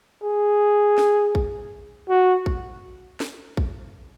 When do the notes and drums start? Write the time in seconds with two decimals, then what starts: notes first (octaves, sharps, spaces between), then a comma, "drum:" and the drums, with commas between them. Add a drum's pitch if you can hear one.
0.24 G#4
0.98 drum: snare
1.35 drum: kick
2.09 F#4
2.46 drum: kick
3.20 drum: snare
3.57 drum: kick